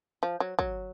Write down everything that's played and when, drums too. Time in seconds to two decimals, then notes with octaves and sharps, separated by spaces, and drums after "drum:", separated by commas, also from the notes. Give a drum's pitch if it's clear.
0.23 F3
0.40 F#3
0.59 F#3, drum: kick